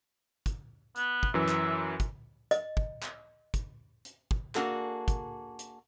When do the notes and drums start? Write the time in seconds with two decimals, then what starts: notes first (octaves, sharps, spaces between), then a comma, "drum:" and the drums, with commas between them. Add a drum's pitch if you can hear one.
0.46 drum: kick, hi-hat
0.96 B3, drum: hi-hat
1.23 drum: kick
1.34 F#2 E3 E5
1.49 drum: clap
2.00 drum: kick, hi-hat
2.51 D#5, drum: hi-hat
2.77 drum: kick
3.02 drum: clap
3.54 drum: kick, hi-hat
4.05 drum: hi-hat
4.31 drum: kick
4.55 A#3 D4 F#4 G#4 A4, drum: clap
5.08 drum: kick, hi-hat
5.59 drum: hi-hat